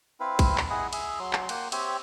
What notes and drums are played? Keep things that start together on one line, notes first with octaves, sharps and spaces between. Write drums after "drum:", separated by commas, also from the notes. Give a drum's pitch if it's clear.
C4 E4 B4 F5
drum: kick, cymbal
drum: clap
E4 G#4 D#5 F#5
G#4 E5, drum: cymbal
F#3 C6
drum: clap
A#3 F#5 G5 C6, drum: cymbal
C4 G4 C#5 E5, drum: cymbal